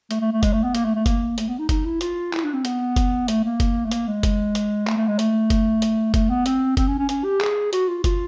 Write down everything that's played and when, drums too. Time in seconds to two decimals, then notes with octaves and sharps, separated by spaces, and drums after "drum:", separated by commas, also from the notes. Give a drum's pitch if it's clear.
0.11 A3, drum: hi-hat
0.21 A3
0.32 A3
0.43 G#3, drum: kick F#1, hi-hat
0.53 A3
0.64 B3
0.75 A#3, drum: hi-hat
0.85 A3
0.95 A3
1.06 A#3, drum: kick F#1, hi-hat
1.38 A3, drum: hi-hat
1.48 B3
1.59 D#4
1.69 D#4, drum: kick F#1, hi-hat
1.85 E4
2.01 F4, drum: hi-hat
2.33 E4, drum: clap
2.44 D4
2.54 C4
2.65 B3, drum: hi-hat
2.96 drum: kick F#1, hi-hat
3.28 A3, drum: hi-hat
3.44 A#3
3.60 drum: kick F#1, hi-hat
3.85 A3
3.91 A#3, drum: hi-hat
4.07 G#3
4.23 drum: kick F#1, hi-hat
4.55 drum: hi-hat
4.87 A3, drum: clap
4.97 A3
5.08 G#3
5.19 A3, drum: hi-hat
5.50 drum: kick F#1, hi-hat
5.82 drum: hi-hat
6.14 A3, drum: kick F#1, hi-hat
6.30 B3
6.46 C4, drum: hi-hat
6.77 C4, drum: kick F#1, hi-hat
6.88 C#4
6.98 C#4
7.09 C#4, drum: hi-hat
7.25 G4
7.41 G#4, drum: clap
7.73 F#4, drum: hi-hat
7.88 F4
8.04 F4, drum: kick F#1, hi-hat